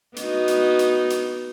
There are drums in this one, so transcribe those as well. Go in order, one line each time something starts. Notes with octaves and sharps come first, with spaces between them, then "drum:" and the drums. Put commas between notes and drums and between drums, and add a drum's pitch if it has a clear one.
B3 D#4 F#4, drum: hi-hat
drum: hi-hat
drum: hi-hat
drum: hi-hat